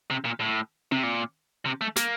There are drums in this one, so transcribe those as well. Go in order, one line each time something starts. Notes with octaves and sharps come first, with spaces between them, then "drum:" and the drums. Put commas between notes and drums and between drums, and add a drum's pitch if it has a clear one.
C3
A#2
A2
C3, drum: tom C4
A#2
C3
A3
A#3, drum: snare